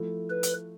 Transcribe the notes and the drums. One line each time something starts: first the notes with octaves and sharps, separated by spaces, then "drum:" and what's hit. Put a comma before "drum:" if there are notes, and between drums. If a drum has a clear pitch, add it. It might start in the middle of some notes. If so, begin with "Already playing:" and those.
Already playing: F3 A3 E4 A4
B4
drum: hi-hat